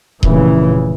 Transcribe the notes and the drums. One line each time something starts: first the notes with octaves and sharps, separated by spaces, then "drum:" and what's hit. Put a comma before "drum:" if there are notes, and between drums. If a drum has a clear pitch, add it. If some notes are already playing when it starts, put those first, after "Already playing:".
F1 A#2 C#3 E3, drum: kick D#1